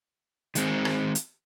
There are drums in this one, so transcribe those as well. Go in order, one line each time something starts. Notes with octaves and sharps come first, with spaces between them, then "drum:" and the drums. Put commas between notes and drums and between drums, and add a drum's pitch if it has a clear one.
D#3 G#3 C4, drum: hi-hat
drum: rim click
drum: hi-hat